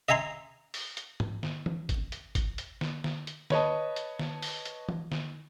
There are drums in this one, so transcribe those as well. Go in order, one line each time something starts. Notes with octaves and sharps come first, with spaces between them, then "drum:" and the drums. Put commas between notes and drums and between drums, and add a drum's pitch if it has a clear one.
D#5 E5 G#5 A#5 C6
drum: open hi-hat
drum: hi-hat
drum: tom G#2
drum: snare
drum: tom
drum: kick, hi-hat
drum: hi-hat
drum: kick, hi-hat
drum: hi-hat
drum: snare
drum: snare
drum: hi-hat
B4 C#5 D#5 A5, drum: snare
drum: hi-hat
drum: snare
drum: open hi-hat
drum: hi-hat
drum: tom
drum: snare